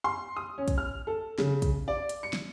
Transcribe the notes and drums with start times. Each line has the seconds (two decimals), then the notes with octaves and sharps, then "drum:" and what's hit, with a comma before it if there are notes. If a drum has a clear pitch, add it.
0.04 C6
0.36 D#6
0.58 C#4
0.68 drum: kick, hi-hat
0.78 F6
1.07 A4
1.38 C#3, drum: snare
1.62 drum: kick, hi-hat
1.88 D5
2.09 drum: hi-hat
2.23 C#7
2.33 drum: snare